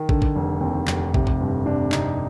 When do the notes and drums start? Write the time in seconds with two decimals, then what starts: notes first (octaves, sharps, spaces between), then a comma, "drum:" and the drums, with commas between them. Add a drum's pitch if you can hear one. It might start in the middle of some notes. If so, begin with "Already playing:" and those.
Already playing: D#3
0.09 D3, drum: kick
0.22 drum: kick
0.36 F1
0.61 D#2 C4
0.87 F1, drum: clap
1.14 C3, drum: kick
1.27 drum: kick
1.41 G1
1.66 C3 D4
1.92 C3 D#4, drum: clap